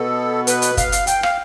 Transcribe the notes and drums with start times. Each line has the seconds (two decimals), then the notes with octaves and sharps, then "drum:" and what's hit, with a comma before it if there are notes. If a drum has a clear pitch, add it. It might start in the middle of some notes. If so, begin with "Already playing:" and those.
Already playing: B2 B3 A4
0.47 B4, drum: hi-hat
0.62 drum: hi-hat
0.77 F5, drum: kick, hi-hat
0.92 drum: hi-hat
1.07 G5, drum: hi-hat
1.23 F5, drum: rim click